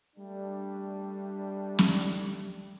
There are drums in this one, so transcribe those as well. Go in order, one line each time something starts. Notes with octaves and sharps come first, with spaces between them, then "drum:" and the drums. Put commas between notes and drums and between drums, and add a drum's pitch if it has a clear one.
G3 A3 D4
drum: snare
drum: hi-hat